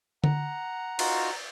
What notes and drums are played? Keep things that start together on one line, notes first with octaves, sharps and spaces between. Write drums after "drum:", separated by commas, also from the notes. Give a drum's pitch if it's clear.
F#5 A#5, drum: tom D3
D#4 F4 F#4, drum: cymbal